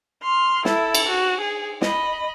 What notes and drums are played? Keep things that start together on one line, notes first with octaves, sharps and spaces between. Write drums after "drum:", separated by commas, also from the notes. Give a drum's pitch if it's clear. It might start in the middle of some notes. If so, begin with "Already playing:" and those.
C6 F6
E4 A4, drum: snare
drum: cymbal
F#4
G#4
D#5 B5, drum: snare